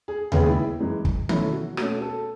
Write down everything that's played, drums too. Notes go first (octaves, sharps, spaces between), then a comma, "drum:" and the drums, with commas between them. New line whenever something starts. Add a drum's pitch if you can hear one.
G#4
D#2 C#3 G#3 B3 G#4, drum: tom D#2
E4
F#2 E3 G#3
drum: kick
B2 F#3 A3 C#4 E4, drum: tom D#3
F#4
B2 A3 C#4 F#4, drum: rim click
A4